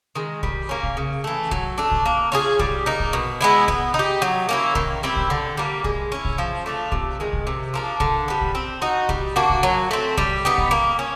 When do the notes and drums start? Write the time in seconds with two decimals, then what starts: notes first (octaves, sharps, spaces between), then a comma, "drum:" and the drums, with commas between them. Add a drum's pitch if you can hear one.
0.15 D#3 G#3
0.43 G3, drum: kick
0.69 A#3 C#4
0.83 drum: kick
0.97 C#3
1.24 E3 A3
1.51 F#3, drum: kick
1.78 A3 D4
1.91 drum: kick
2.06 A#3
2.32 C#4 F4 G#4
2.59 G3, drum: kick
2.86 A#3 D#4
3.00 drum: kick
3.13 B2
3.41 G#3 B3 E4
3.68 B3, drum: kick
3.94 D#4
3.99 G4
4.22 F#3
4.49 A#3 C#4 E4
4.75 D#3, drum: kick
5.03 G3 C4 E4
5.16 drum: kick
5.30 D3
5.57 G3 A#3
5.84 G#3, drum: kick
6.12 C#4 E4
6.25 drum: kick
6.38 F3
6.66 A3 D4 F4
6.92 C3, drum: kick
7.20 D#3 G#3
7.33 drum: kick
7.47 C3
7.74 F3 A#3 D4
8.00 D3, drum: kick
8.28 G3 B3
8.41 drum: kick
8.55 C4
8.82 D#4 F#4
9.09 G3, drum: kick
9.36 A#3 D4 F#4
9.50 drum: kick
9.63 F#3
9.91 A3 C4
10.18 G3, drum: kick
10.45 B3 D#4 G4
10.58 drum: kick
10.71 A#3
10.99 C#4